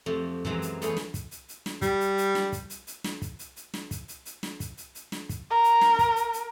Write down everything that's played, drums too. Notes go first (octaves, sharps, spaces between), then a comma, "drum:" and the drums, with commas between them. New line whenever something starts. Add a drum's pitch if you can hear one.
F2 C3 A3 F#4
F#2 C3 E3 F#3 G#3 A#5, drum: kick
drum: hi-hat
E2 A3 G#4 B4 C#5 F5, drum: hi-hat
drum: snare
drum: kick, hi-hat
drum: hi-hat
drum: hi-hat
drum: snare
G3, drum: kick, hi-hat
drum: hi-hat
drum: hi-hat
drum: snare
drum: kick, hi-hat
drum: hi-hat
drum: hi-hat
drum: snare
drum: kick, hi-hat
drum: hi-hat
drum: hi-hat
drum: snare
drum: kick, hi-hat
drum: hi-hat
drum: hi-hat
drum: snare
drum: kick, hi-hat
drum: hi-hat
drum: hi-hat
drum: snare
drum: kick, hi-hat
A#4
drum: hi-hat
drum: snare
drum: kick, hi-hat
drum: hi-hat
drum: hi-hat